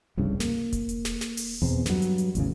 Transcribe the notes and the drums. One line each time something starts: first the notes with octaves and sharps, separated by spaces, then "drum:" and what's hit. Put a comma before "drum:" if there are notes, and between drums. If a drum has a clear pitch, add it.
F1 C2 G2 C#3
A#3, drum: snare
drum: kick E1, hi-hat
drum: hi-hat
drum: snare
drum: snare
drum: open hi-hat
E2 B2 C4
G2 F#3, drum: snare
drum: hi-hat
drum: hi-hat
A1 E2 C#3, drum: hi-hat